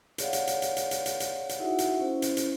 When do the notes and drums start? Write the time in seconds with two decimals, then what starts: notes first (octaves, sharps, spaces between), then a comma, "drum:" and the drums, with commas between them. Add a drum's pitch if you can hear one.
0.18 G#4 C#5 D5 F5 F#5, drum: hi-hat
0.33 drum: hi-hat
0.47 drum: hi-hat
0.62 drum: hi-hat
0.77 drum: hi-hat
0.91 drum: hi-hat
1.06 drum: hi-hat
1.20 drum: hi-hat
1.49 drum: hi-hat
1.60 D#4 E4 F#4 G#4 E5 F#5
1.78 drum: hi-hat
1.99 C#4 E4 C5
2.22 drum: hi-hat
2.37 drum: hi-hat